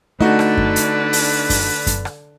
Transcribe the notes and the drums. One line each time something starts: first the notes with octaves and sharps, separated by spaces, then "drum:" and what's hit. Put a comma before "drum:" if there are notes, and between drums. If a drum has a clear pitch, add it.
D3 A3 D4 D#4 F#4 B4
drum: rim click
drum: kick F#2
drum: hi-hat
drum: open hi-hat
drum: kick F#2, open hi-hat
drum: kick F#2, hi-hat
drum: rim click